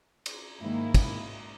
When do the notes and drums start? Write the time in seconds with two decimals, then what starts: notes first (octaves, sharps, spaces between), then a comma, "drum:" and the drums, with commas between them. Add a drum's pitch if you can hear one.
0.26 drum: cymbal
0.60 G#2 D#3 A#3 E4
0.94 drum: kick, cymbal